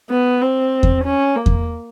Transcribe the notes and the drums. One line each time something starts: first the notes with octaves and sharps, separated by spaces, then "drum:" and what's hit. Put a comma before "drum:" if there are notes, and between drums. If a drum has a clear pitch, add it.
B3
C4
drum: kick E2
C#4
A#3
drum: kick E2